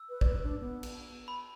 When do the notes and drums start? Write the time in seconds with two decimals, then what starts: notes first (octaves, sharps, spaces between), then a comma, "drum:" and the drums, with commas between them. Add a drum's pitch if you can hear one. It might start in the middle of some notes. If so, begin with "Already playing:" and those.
Already playing: E6
0.09 B4
0.21 D5, drum: kick
0.27 B4
0.44 D4
0.61 B3
0.83 drum: cymbal
1.28 B5